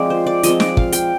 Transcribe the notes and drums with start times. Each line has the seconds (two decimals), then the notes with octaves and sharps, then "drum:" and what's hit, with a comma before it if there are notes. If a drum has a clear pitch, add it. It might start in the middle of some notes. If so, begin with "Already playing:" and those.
Already playing: F3 G#3 C4 D5
0.10 C5
0.27 D5
0.43 F3 G#3 C4 D#5, drum: hi-hat
0.60 D5, drum: snare
0.77 F5, drum: kick
0.92 G5, drum: hi-hat